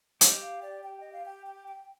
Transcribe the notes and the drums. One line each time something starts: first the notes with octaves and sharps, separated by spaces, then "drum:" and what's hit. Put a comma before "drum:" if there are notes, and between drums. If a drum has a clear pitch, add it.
G4 D#5, drum: hi-hat
F5
D5
G5
D#5
F5
G5
G5
G5